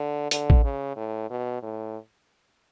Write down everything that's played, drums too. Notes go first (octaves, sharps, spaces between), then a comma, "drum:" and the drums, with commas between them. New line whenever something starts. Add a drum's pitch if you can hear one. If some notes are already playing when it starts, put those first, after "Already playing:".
Already playing: D3
D3, drum: hi-hat
drum: kick A1
C#3
A2
B2
A2